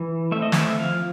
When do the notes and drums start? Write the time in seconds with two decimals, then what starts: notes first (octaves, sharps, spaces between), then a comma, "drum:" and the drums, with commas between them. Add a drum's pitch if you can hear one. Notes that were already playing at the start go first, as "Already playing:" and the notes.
Already playing: E3
0.32 A3 C4 E5
0.42 D#5
0.52 E5, drum: snare
0.79 F3 F5